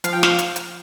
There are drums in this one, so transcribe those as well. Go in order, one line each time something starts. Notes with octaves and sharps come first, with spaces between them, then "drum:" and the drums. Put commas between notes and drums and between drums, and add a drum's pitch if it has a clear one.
F3 F5, drum: hi-hat
G5
F5, drum: snare
drum: hi-hat
drum: hi-hat